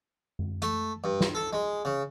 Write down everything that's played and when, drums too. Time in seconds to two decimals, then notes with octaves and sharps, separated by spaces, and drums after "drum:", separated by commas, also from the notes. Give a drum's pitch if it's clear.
0.39 drum: tom F#2
0.62 A3, drum: hi-hat
1.04 G2
1.21 drum: snare
1.35 A4
1.53 G#3
1.85 C#3